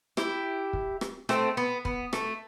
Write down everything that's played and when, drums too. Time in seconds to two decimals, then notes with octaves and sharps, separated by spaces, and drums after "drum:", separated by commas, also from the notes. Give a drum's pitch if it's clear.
0.17 E4 G4, drum: rim click
0.73 drum: kick
1.01 drum: rim click
1.29 A3 C4, drum: rim click
1.57 B3
1.85 B3, drum: kick
2.13 A3, drum: rim click